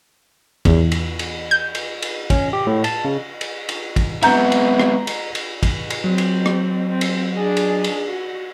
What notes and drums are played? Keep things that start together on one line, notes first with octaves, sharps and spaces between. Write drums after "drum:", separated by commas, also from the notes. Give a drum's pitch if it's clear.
E2, drum: kick, cymbal
drum: cymbal
drum: cymbal
G6
drum: cymbal
drum: cymbal
C#4, drum: kick, cymbal
G4
A2
A5, drum: cymbal
C#3
drum: cymbal
drum: cymbal
drum: kick, cymbal
G#3 B3 C4 E5 F#5 A#5 G6, drum: cymbal
drum: cymbal
drum: rim click
drum: cymbal
drum: cymbal
drum: kick, cymbal
drum: cymbal
F#3 C4
drum: cymbal
drum: rim click
C4
drum: cymbal
D4 G#4
drum: cymbal
drum: cymbal
F#4